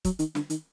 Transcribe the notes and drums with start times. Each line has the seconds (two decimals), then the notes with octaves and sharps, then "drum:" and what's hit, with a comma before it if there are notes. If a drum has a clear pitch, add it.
0.05 F#3, drum: kick, hi-hat
0.19 D#3, drum: hi-hat
0.35 D3, drum: snare
0.50 D#3, drum: hi-hat